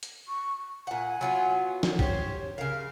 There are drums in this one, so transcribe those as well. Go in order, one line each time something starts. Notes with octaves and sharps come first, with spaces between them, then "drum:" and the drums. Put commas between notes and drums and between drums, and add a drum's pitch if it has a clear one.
drum: hi-hat
C#6
A#2 F#5 G#5
F#3 B3 F4
drum: snare
G4 C5 C#5, drum: kick
C#3 A#4 F5